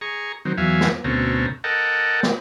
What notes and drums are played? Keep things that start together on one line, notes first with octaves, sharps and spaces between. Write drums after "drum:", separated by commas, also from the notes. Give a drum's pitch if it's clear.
G#4 A#5 C#6
D#3 F#3 C4
E2 F#3 E5 F5 G#5
drum: snare
D2 B2 C4 C#4 A4 A#5
A4 A#4 D#5 F#5 G5 A5
drum: snare